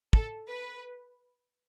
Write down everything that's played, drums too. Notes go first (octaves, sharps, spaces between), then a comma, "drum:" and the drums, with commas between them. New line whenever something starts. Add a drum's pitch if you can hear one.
A4, drum: kick
B4